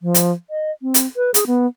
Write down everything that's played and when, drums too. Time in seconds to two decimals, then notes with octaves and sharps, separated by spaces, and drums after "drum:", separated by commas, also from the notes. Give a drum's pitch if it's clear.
0.02 F3
0.14 drum: hi-hat
0.50 D#5
0.82 C4
0.94 drum: hi-hat
1.16 B4
1.34 G#4, drum: hi-hat
1.47 B3